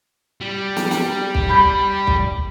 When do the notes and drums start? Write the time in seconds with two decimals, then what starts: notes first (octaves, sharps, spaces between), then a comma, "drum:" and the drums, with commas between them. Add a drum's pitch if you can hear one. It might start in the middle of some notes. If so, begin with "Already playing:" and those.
0.41 G3
0.76 drum: snare
0.91 drum: snare
1.35 drum: kick
1.49 B5 G6
2.07 drum: kick